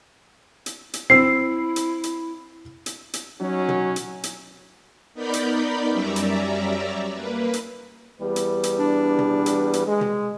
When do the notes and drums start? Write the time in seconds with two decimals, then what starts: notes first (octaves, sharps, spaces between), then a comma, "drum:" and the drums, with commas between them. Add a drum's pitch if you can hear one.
0.66 drum: hi-hat
0.94 drum: hi-hat
1.10 C4 E4 E6 C7
1.76 drum: hi-hat
2.04 drum: hi-hat
2.86 drum: hi-hat
3.13 drum: hi-hat
3.41 F#3 C#4 D#4
3.68 drum: tom
3.96 drum: hi-hat
4.23 drum: hi-hat
5.14 B3 D#4 A#4 D5 B5 G6
5.33 drum: hi-hat
5.91 F#2 G3 C#4 D5 E5 A#5
6.16 drum: hi-hat
7.13 A#3 B4
7.53 drum: hi-hat
8.21 E2 G3 B4
8.36 drum: hi-hat
8.63 drum: hi-hat
8.79 D4
9.18 drum: tom
9.46 drum: hi-hat
9.73 drum: hi-hat
9.87 G#3
10.01 drum: tom